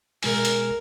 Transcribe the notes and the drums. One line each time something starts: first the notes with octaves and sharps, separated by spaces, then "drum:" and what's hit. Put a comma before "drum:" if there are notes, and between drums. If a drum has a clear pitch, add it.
B2 G#3 A#4 G#5, drum: open hi-hat
drum: hi-hat